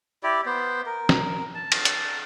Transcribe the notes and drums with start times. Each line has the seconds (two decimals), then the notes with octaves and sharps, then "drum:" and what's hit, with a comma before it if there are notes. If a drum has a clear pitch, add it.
0.23 E4 G4 D5
0.46 B3 C5
0.86 A#4
1.09 drum: snare
1.55 A5
1.72 drum: cymbal
1.85 drum: hi-hat